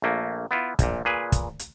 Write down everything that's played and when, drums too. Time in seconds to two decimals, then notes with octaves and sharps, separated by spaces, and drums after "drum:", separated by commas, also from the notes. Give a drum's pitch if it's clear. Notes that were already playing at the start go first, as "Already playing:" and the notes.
0.02 A#1 A3 A#3
0.51 B3 E4 F4
0.79 A#1 A#2, drum: kick, hi-hat
1.05 A#2 G#4 B4
1.32 drum: kick, hi-hat
1.59 drum: hi-hat